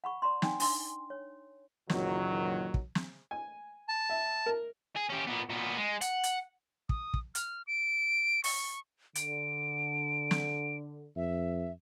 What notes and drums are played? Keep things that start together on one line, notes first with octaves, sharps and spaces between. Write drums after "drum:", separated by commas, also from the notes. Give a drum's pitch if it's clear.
F#5 B5 C#6
D5 A#5 C6
D#4 G5 G#5, drum: snare
D4 C6, drum: open hi-hat
C#5
F#1 A#2 D#3 E3 F#3, drum: snare
drum: kick
drum: snare
G#5
A5
E5
A#4
G#4
C#4 G4
A#2 B3
A#2 B3
G#3
F#5, drum: hi-hat
drum: hi-hat
D#6, drum: kick
drum: kick
F6, drum: hi-hat
D7
C#6, drum: open hi-hat
D3 D7, drum: hi-hat
drum: snare
F2 E5